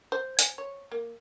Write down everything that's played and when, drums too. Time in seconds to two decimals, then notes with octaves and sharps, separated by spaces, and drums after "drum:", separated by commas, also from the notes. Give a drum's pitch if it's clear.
0.12 C5
0.39 G#5, drum: hi-hat
0.58 C#5
0.92 A#3